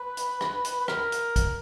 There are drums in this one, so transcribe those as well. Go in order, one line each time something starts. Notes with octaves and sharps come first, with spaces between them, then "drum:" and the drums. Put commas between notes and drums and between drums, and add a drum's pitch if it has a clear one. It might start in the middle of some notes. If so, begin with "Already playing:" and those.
Already playing: B4
drum: hi-hat
drum: rim click
drum: hi-hat
B4
A#4, drum: rim click
drum: hi-hat
drum: kick A#1, hi-hat